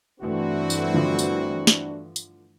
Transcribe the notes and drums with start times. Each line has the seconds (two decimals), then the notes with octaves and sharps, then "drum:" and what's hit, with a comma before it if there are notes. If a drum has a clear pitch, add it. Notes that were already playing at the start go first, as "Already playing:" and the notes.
0.20 G2 E3 A3 C4 D4 E4 F#4
0.70 drum: tambourine
0.94 D3 F3
1.19 drum: tambourine
1.67 drum: snare
2.16 drum: tambourine